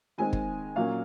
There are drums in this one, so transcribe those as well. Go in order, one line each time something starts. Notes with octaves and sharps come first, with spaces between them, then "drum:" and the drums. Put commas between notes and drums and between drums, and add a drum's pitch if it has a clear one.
D#3 G#3 C4 G#5
drum: kick
A#2 F#3 A#3 C#4 F5